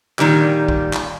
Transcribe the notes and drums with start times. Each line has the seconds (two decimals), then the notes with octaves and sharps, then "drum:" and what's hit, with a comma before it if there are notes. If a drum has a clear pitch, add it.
0.19 A#2 D#3 G3, drum: clap
0.68 drum: kick
0.93 drum: clap